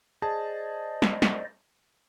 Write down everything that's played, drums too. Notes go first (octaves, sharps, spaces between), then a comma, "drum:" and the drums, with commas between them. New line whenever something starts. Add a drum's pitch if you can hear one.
G#4 C5 D5 D#5 A5
drum: snare
drum: snare